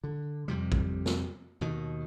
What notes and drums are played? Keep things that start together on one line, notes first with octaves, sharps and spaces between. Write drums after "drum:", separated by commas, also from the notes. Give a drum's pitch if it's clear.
D3
F2 C3 G3
drum: kick
drum: snare
D#2 B2 D#3